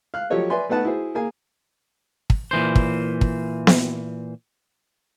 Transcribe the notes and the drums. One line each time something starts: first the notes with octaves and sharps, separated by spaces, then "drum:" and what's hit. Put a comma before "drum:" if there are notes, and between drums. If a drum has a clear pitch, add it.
F5 F#6
F3 F#3 G4 A4 C#5 D#5
B4 D5 E5 G#5 C6
A3 B3 D#4 B4 F#5 A5
E4 F#4 G#4 C5
A#3 G#4 G#5
drum: kick
A#2 E3 C5
drum: kick
drum: kick
drum: snare B3